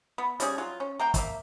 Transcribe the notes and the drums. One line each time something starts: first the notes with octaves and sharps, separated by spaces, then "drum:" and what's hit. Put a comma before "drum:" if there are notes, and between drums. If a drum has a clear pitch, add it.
B3
G3 C#4 G#4, drum: hi-hat
F#3 F4
C#4
A#3 A#4 G5
A3 A#3 E5, drum: kick, hi-hat